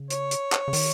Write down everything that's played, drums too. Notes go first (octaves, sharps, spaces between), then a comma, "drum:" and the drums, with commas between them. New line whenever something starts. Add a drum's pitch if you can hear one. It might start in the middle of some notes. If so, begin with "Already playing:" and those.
Already playing: C#3
C#5, drum: hi-hat
drum: hi-hat
drum: clap
C#3
D#3, drum: open hi-hat